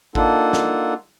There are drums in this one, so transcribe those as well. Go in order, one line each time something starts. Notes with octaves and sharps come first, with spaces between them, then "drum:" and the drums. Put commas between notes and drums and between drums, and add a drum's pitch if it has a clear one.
A#3 D4 D#4 F4 A4 F#5, drum: kick G#1
drum: snare